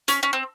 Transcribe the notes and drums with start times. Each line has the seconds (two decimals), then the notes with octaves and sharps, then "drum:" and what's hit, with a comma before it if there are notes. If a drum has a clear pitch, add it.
0.08 C#4, drum: hi-hat
0.23 C#4
0.33 C4